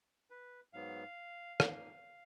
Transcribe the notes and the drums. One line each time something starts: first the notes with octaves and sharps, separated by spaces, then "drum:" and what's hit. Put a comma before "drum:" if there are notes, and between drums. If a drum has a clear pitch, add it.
B4
G#2 F#3 B3 F5
G#2 F3 A#3, drum: rim click